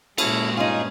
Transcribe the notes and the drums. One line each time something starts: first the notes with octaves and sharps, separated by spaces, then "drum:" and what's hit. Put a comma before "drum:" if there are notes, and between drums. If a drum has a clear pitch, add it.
A#2 G#3 C#4 E4 F#4 G#4 A4, drum: cymbal
G2 C#4 D#4 F4 G#4 G#5